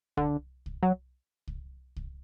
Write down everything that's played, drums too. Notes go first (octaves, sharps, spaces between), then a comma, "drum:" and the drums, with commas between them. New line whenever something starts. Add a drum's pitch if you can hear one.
D3, drum: kick C2
drum: kick C2
F#3
drum: kick C2
drum: kick C2